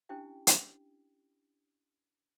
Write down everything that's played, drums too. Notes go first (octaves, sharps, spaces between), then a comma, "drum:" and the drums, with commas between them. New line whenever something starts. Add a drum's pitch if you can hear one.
C#4 D4 E4 G4 G5
drum: hi-hat